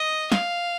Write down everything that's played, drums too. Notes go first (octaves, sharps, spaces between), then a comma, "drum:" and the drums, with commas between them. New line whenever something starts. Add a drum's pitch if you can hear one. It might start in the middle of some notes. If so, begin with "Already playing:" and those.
Already playing: D#5
F5, drum: snare